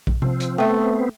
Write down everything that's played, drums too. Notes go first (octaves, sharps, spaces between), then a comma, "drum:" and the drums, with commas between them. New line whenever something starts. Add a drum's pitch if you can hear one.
drum: kick A#1
F3 C4, drum: tom C3
drum: hi-hat
A3 B3 C4 E5 G5